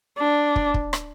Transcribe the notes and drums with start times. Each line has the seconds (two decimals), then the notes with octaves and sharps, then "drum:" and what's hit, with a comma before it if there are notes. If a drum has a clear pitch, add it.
0.18 D4
0.56 drum: kick
0.74 drum: kick
0.93 drum: rim click